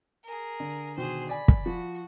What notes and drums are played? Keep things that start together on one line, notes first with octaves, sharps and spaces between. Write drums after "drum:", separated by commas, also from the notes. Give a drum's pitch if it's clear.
G#4 A#4
D3
B2 D#3 G#4 C5
D5 G#5 B5
drum: kick
F3 F#4